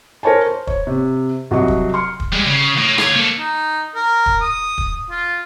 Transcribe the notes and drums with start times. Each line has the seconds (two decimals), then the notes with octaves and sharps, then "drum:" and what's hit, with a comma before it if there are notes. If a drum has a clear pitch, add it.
0.23 A#4 C5 C#5 G#5 A5
0.46 C5
0.67 C#5, drum: kick
0.87 C3
1.51 C2 F#3 F#4 D#5 C#6
1.68 drum: kick
1.94 C6 F6 C#7
2.20 drum: kick
2.33 G3 G#3
2.46 C#3
2.77 A2
2.98 F4 C#5, drum: rim click
3.16 A#3 A4
3.39 D#4
3.95 A#4
4.26 drum: kick
4.41 D#6
4.78 drum: kick
5.11 F4